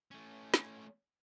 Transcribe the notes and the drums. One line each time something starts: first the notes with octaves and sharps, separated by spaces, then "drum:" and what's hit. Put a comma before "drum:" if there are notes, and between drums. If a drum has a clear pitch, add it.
A3 C#4
drum: snare